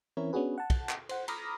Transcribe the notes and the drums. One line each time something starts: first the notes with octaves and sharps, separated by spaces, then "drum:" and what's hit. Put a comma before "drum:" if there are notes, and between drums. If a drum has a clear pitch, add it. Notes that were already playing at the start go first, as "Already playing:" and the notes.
E3 C4 C#4 E4 A#4 C#5
B3 C#4 D4 F#4 G#4 B4
F#5 A5
drum: kick, cymbal
drum: clap
C5 F#5, drum: cymbal
A#5 B5 D6 D#6 F6 A#6, drum: cymbal